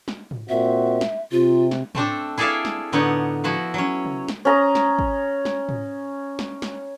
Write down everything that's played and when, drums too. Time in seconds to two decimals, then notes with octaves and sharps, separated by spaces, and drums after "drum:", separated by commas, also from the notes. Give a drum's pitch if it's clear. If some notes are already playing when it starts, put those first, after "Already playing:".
0.08 drum: snare
0.31 drum: tom
0.49 A#2 C4 F#4 E5
1.01 drum: snare
1.31 C3 F4
1.71 drum: snare
1.95 A3 C4 D4 A4, drum: tom
2.38 E4 G#4 A4 D5 E5 F5
2.65 drum: snare
2.92 A2 D3 B3 D#4 C#5
3.44 F3 B3 E4 F#4
3.74 F#3 C#4
4.05 drum: tom C3
4.28 drum: snare
4.45 C#4 A#5 D#6
4.75 drum: snare
4.99 drum: kick
5.45 drum: snare
5.69 drum: tom
6.39 drum: snare
6.62 drum: snare